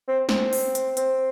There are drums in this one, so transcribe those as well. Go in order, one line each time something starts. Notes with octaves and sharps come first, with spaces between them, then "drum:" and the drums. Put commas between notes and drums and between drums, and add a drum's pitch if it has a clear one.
C4
C4, drum: snare
drum: open hi-hat
drum: hi-hat
C4, drum: hi-hat